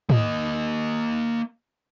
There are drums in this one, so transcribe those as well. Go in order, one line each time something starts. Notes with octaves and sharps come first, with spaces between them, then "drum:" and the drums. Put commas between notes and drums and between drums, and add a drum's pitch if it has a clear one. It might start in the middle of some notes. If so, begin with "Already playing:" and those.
A#3 D#5, drum: tom